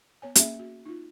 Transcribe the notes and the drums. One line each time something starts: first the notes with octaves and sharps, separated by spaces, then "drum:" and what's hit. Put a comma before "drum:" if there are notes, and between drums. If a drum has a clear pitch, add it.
B3 C#5 G#5
A#3 C#4 G#4 E5, drum: hi-hat
F#4
D#4 F4